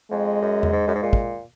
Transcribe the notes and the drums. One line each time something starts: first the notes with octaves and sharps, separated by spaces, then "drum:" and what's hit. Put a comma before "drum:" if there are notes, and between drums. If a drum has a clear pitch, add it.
F2 G#3
F#2
drum: tom E2
G#2
F#2
G#2
A#2
drum: kick